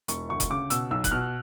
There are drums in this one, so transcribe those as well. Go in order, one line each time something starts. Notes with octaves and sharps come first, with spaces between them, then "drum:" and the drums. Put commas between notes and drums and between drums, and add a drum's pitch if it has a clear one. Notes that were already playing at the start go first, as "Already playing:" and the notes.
E1 C#6, drum: hi-hat
D2 C#6
drum: kick F1, hi-hat
C#3 D6
B2 E6, drum: hi-hat
B1 E6
F#6, drum: kick F1, hi-hat
B2 F6